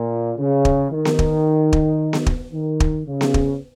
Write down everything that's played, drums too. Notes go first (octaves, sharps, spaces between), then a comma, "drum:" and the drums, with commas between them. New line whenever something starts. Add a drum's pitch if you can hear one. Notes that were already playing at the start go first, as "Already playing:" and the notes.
Already playing: A#2
C#3
drum: kick
D#3
drum: snare B3
drum: kick
drum: kick
drum: snare B3
drum: kick
D#3
drum: kick
C#3
drum: snare B3
drum: kick